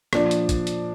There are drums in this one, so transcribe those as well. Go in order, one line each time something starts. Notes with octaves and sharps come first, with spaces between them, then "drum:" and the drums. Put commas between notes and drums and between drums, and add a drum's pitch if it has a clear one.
A#2 F3 D4, drum: rim click
drum: hi-hat
drum: kick, hi-hat
drum: hi-hat